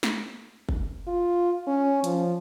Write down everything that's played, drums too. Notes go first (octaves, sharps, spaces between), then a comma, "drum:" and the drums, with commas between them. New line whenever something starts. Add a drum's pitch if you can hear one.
drum: snare
drum: kick F#1
F4
C#4
F3, drum: hi-hat